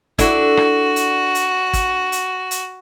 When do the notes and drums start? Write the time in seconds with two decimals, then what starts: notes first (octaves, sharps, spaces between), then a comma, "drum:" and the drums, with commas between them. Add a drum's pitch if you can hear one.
0.19 D4 E4 F#4 A4, drum: kick, hi-hat
0.57 drum: rim click
0.96 drum: hi-hat
1.35 drum: hi-hat
1.73 drum: kick, hi-hat
2.12 drum: hi-hat
2.51 drum: hi-hat